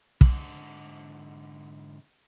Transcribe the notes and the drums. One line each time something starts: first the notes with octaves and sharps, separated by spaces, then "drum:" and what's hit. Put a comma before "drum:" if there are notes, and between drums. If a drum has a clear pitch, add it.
G#2 D3, drum: kick